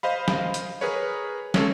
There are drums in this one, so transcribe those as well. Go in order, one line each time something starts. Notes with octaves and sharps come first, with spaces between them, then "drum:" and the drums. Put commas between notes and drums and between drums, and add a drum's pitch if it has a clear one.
C5 D#5 F5 B5
drum: snare
drum: hi-hat
G#4 A#4 B4 C#5
G#3 C#4 A4, drum: snare